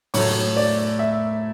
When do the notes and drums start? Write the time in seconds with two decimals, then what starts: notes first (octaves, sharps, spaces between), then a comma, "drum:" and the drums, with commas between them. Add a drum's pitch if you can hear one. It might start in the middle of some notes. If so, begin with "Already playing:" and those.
0.14 A2 F#3 A3 C#5, drum: open hi-hat
0.57 D5
0.99 E5